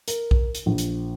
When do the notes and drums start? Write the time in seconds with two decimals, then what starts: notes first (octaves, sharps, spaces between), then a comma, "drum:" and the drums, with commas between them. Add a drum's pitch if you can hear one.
0.08 A#4, drum: hi-hat
0.31 drum: kick B1
0.55 drum: hi-hat
0.66 A#1
0.78 drum: hi-hat